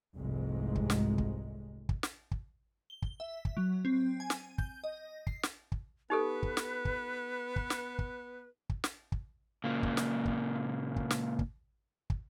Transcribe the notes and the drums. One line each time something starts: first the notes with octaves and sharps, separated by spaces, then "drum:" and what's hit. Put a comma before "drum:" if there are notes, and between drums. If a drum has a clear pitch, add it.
F1 C2 G#2 C3 G#3
drum: kick
drum: snare
drum: kick
drum: kick
drum: snare
drum: kick
G7
drum: kick
E5
drum: kick
F#3
C4
G#5
drum: snare
G6, drum: kick
D#5
C7, drum: kick
drum: snare
drum: kick
B3 D#4 G4 A4 B4
drum: kick
drum: snare
drum: kick
drum: kick
drum: snare
drum: kick
drum: kick
drum: snare
drum: kick
A#2 C#3 A#3
drum: kick
drum: snare
drum: kick
drum: kick
drum: snare
drum: kick
drum: kick